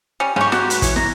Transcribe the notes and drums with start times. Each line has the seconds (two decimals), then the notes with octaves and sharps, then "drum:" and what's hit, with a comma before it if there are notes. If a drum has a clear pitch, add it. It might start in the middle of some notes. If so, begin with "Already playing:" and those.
0.20 G3 C#4
0.36 G#2 C#4 G4 C#6
0.52 F#4, drum: snare
0.70 B4, drum: hi-hat
0.82 E3 C#5, drum: kick, hi-hat
0.96 A#5, drum: snare